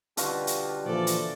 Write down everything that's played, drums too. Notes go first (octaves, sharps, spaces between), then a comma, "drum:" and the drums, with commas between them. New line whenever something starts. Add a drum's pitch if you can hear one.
B2 D3 G3 F4 F#4, drum: hi-hat
drum: hi-hat
A#2 E3 F3 A4 D5
drum: hi-hat